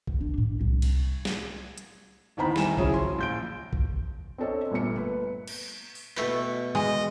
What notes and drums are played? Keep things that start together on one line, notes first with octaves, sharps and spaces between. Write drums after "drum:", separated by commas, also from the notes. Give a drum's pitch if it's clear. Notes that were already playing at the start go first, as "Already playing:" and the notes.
drum: kick A1
D4
A2
C2
drum: cymbal
drum: snare
drum: hi-hat
A1 E2 D#3 C4 A#5 B5
D#3 G3 E4 G#5 E7, drum: snare
C#3 F3 F#3 C#4 E4 G#4, drum: kick A1
C6
A#1 G6 D7
drum: kick A1
C4 D4 A4 C#5 D#5
G1 A#2 A3 C#7
B4
drum: cymbal
drum: open hi-hat
B2 A3 B4 G5, drum: clap
G#3 D#5